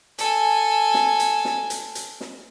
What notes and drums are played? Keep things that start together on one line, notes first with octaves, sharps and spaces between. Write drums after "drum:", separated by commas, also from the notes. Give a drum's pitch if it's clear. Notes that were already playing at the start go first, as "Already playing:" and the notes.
A4 G#5, drum: hi-hat
drum: snare
drum: hi-hat
drum: snare
drum: hi-hat
drum: hi-hat
drum: snare